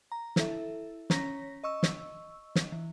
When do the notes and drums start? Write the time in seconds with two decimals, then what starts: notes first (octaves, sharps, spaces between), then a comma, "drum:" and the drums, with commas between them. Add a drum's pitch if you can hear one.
0.12 A#5
0.36 E4 A4 E5, drum: snare
1.10 C#4 C#5 A#5 A#6 B6, drum: snare
1.64 D#5 C#6 E6
1.83 drum: snare
2.55 drum: snare
2.72 E3